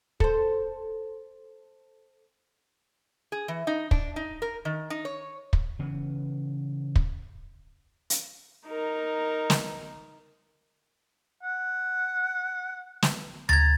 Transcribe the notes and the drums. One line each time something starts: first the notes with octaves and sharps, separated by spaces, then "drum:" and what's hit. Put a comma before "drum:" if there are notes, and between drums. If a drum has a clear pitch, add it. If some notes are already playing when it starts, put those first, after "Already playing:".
A4 C5, drum: kick
G#4
E3
D#4
D4, drum: kick
D#4
A#4
D#3
D#4
C#5
drum: kick
C#3 E3 B3
drum: kick
drum: hi-hat
D#4 A#4
drum: snare
F#5
drum: snare
A#5 G#6 A6, drum: tom D2